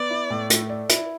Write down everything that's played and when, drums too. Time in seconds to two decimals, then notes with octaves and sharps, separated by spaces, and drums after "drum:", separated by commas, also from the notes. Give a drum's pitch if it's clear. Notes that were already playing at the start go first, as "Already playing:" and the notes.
Already playing: B3 D5
0.10 E4
0.30 A2
0.50 A3, drum: hi-hat
0.69 D5
0.89 E4, drum: hi-hat